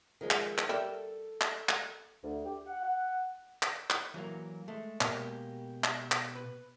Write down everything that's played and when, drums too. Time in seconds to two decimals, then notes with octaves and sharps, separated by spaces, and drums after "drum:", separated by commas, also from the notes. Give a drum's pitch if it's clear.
0.21 D#3 F3 G#3
0.31 drum: clap
0.58 drum: clap
0.69 G3 A4 A#4 E5
1.41 drum: clap
1.69 drum: clap
2.24 D2
2.46 G4
2.67 F#5
2.83 F#5
3.63 drum: clap
3.90 drum: clap
4.14 E3 F#3 A#3
4.68 G#3 A3
5.01 B2 G#3 A#3 G4, drum: clap
5.84 drum: clap
6.12 drum: clap
6.35 B4